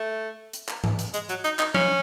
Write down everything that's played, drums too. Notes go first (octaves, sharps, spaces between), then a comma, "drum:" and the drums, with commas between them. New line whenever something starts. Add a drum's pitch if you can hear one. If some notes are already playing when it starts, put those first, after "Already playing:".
Already playing: A3
drum: hi-hat
drum: clap
drum: tom
drum: hi-hat
G#3, drum: hi-hat
F#3, drum: hi-hat
D#4, drum: hi-hat
D#4, drum: clap
C#4, drum: tom F3